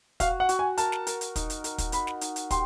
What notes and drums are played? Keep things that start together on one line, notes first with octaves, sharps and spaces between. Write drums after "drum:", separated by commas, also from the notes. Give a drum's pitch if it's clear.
F#4 F5, drum: kick, hi-hat
F#5
F#4, drum: hi-hat
G#5
A#4 A5, drum: hi-hat
drum: snare
A#4, drum: hi-hat
drum: hi-hat
D#4, drum: kick, hi-hat
drum: hi-hat
A#4, drum: hi-hat
drum: kick, hi-hat
D#4 B5, drum: hi-hat
drum: snare
D#4, drum: hi-hat
drum: hi-hat
G4 C6, drum: kick, hi-hat